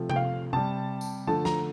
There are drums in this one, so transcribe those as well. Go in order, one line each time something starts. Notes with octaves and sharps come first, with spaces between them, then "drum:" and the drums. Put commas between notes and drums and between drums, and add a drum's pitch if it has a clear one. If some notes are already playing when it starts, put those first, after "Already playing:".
Already playing: C3 F3 A3
G5, drum: tom C3
F5
C3 G3 A5
drum: tambourine
D3 F3 A3 A5
A#5, drum: snare